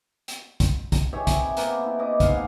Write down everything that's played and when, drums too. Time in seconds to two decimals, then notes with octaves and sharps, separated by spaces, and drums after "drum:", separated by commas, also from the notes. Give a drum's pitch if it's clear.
0.28 drum: hi-hat
0.60 drum: kick, hi-hat
0.92 drum: kick, hi-hat
1.13 G4 G#4 C#5 E5
1.27 C3 E4, drum: kick, hi-hat
1.57 C3 A#3 B3, drum: hi-hat
1.83 E4
1.99 E4 D#5 D6
2.20 G#2 F5 F#5, drum: kick, hi-hat